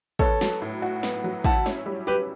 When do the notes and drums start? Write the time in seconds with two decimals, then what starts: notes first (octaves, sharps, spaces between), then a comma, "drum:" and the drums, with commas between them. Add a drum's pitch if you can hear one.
0.19 B3 A4 C#5, drum: kick
0.41 F#3, drum: snare
0.62 A2
0.82 F#4
1.03 B3, drum: snare
1.24 F#3
1.44 E4 F#5 A5, drum: kick
1.66 C#4, drum: snare
1.86 G3
2.07 G3 G4 B4